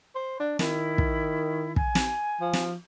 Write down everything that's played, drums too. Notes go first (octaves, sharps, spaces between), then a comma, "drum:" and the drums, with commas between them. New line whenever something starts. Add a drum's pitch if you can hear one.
C5
D4
D#3 E4, drum: snare
drum: kick
G#5, drum: kick
drum: snare
F3
drum: snare